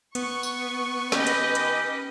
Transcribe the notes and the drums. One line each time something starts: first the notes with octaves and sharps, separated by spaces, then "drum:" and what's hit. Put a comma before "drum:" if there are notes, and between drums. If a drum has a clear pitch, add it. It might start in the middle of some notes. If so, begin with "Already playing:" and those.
B3 C#6, drum: hi-hat
drum: tambourine
D#3 C#4 G4 B4 D#5, drum: snare
drum: hi-hat
drum: hi-hat